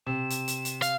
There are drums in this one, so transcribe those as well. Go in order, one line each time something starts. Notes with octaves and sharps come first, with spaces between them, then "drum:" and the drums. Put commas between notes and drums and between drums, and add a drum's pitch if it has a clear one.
C3 E7
drum: hi-hat
drum: hi-hat
drum: hi-hat
F5, drum: hi-hat